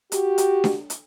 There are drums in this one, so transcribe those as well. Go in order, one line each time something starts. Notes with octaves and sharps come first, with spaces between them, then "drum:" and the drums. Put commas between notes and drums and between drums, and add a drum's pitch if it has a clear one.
F#4 G4, drum: hi-hat
drum: hi-hat
drum: snare D4
drum: hi-hat